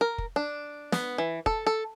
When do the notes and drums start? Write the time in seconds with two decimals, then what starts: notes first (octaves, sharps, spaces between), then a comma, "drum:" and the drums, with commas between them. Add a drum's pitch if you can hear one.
0.01 A#4
0.18 drum: kick
0.36 D4
0.92 B3, drum: snare
1.18 E3
1.46 A4, drum: kick
1.67 A4